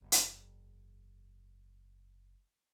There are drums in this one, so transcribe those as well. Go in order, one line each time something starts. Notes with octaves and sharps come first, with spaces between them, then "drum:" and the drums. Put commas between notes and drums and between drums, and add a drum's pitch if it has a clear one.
F#1 E2
drum: hi-hat